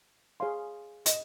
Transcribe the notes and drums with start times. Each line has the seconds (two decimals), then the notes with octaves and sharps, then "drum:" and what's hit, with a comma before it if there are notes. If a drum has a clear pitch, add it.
0.40 G#4 C#5 F5 C6
1.06 D#5, drum: hi-hat